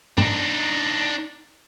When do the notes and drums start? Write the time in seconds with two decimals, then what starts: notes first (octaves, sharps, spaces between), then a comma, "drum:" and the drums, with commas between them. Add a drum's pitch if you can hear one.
0.18 D4 D#4, drum: tom